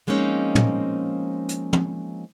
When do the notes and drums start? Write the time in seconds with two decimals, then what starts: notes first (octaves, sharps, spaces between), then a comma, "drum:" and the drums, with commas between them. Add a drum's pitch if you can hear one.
0.07 F3 G#3 A#3 C4 C#4 D#4
0.55 drum: tom
1.49 drum: hi-hat
1.73 drum: tom